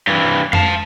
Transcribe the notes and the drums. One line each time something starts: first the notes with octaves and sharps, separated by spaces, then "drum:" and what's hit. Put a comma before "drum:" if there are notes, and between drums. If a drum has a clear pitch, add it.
G2 E3
F5 A5, drum: tom F2